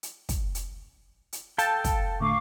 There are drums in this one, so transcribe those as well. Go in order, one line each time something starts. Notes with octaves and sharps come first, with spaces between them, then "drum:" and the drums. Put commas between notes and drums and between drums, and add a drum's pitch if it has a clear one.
drum: hi-hat
drum: kick, hi-hat
drum: hi-hat
drum: hi-hat
A4 F5 G5 A5, drum: hi-hat
drum: kick, hi-hat
A2 D3 A3 F5 C#6 D6